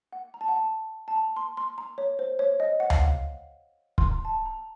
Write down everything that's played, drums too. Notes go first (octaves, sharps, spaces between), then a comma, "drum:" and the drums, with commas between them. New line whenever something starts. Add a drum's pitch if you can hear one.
F#5
A#5
A5
F#5
A5
A5
A#5
C6
C6
A#5
C#5
C5
C#5
D#5
F#5
F5, drum: tom D2
F#5
C6, drum: kick
A#5
A5
A#5